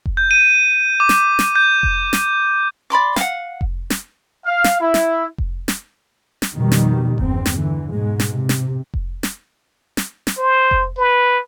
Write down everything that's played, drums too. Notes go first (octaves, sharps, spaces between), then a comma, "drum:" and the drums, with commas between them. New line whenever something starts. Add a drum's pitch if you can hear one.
drum: kick F1
G6
D#7
D6
drum: snare
drum: snare
G6
drum: kick F1
drum: snare
D5 B5 C6 D6
F5 F#5, drum: snare
drum: kick F1
drum: snare
F5
drum: snare
E4
drum: snare
drum: kick F1
drum: snare
drum: snare
F2 B2 D#3 G3
drum: snare
G1 E2 C4, drum: kick F1
drum: snare
D3 E3
G#2 B2 G#3
drum: snare
C3
drum: snare
drum: kick F1
drum: snare
drum: snare
drum: snare
C5
drum: kick F1
B4